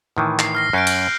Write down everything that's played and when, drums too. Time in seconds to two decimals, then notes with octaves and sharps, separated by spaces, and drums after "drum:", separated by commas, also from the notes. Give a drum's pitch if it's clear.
0.17 A2 D#3 E3
0.39 C7, drum: clap
0.55 F6 A#6 C7
0.73 F#2 C#4 F#6 G6 D7
0.87 drum: cymbal